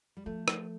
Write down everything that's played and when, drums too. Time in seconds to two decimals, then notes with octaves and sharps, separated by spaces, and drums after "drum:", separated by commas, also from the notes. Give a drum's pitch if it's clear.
0.17 G3
0.26 F3 A3
0.48 drum: rim click